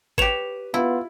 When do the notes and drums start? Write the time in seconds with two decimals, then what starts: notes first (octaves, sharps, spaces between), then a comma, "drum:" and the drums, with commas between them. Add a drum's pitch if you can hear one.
0.18 G4 B4 C#5 E7 F7, drum: kick G#1
0.74 B3 E4 F4